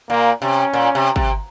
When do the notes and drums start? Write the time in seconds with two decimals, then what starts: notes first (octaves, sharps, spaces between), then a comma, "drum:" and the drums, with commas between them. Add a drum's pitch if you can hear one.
0.09 A#2 A#3
0.42 C3 C#4
0.74 A#2
0.95 C3
1.16 C3, drum: kick